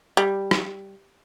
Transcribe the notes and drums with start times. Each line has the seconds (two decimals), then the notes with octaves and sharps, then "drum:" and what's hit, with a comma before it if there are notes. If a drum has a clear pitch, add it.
0.17 G3
0.51 drum: rim click